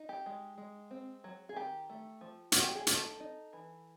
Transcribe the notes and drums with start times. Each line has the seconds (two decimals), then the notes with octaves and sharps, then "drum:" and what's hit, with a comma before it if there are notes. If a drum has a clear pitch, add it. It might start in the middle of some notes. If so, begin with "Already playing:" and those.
Already playing: D#4
0.09 G4
0.26 G#3
0.58 G#3
0.91 C4
1.24 F#3
1.49 G#4
1.56 D#3 G4
1.90 A3
2.21 F3
2.52 D#4 F#4, drum: hi-hat
2.64 G4
2.75 G#4
2.87 D#4 A4, drum: hi-hat
3.20 D#4
3.53 E3